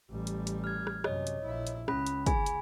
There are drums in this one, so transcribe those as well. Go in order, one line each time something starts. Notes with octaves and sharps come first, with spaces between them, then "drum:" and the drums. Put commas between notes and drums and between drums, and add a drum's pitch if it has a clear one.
A1 G3
drum: hi-hat
drum: hi-hat
F6 G#6
drum: rim click
F#2 C3 C#5 D#5, drum: rim click
drum: hi-hat
A#1 E4
drum: hi-hat
C#2 C#4 B5, drum: rim click
drum: hi-hat
G#4 G#5 B5, drum: kick, hi-hat
drum: hi-hat